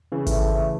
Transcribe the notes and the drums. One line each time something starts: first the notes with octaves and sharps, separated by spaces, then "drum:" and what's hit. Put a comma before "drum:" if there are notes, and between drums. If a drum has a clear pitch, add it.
C#3 E3
A3, drum: kick G#1, hi-hat